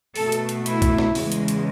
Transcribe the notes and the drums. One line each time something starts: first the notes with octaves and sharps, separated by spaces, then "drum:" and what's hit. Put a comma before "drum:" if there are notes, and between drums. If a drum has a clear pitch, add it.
B2 A3 A4, drum: open hi-hat
drum: hi-hat
drum: hi-hat
E4, drum: hi-hat
drum: kick, hi-hat
drum: snare
E2 C#3 G#3, drum: open hi-hat
drum: hi-hat
drum: hi-hat